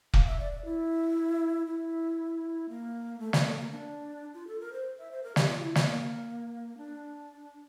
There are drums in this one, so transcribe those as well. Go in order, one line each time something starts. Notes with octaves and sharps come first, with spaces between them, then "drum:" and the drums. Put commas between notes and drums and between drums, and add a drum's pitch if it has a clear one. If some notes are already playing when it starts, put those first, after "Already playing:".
F5, drum: kick
E5
D5
D5
E4
E4
A#3
A3
A#3, drum: snare
A3
A#3
D4
F4
A4
A#4
C5
E5
C5
A#4
G4, drum: snare
F4
E4
A#3, drum: snare
D4